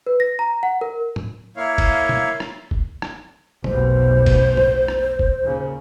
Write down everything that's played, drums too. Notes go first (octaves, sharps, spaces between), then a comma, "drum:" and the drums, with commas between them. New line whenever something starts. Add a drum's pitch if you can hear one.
B4
A#6
A#5
F#5
A#4
drum: tom A2
A#3 E4 C#5 F5
drum: kick, cymbal
drum: tom A#2
drum: rim click
drum: kick
drum: rim click
F1 B1 B2 C5, drum: tom A#2
drum: kick, cymbal
drum: tom A2
drum: rim click
drum: kick
D#2 A#2 C#3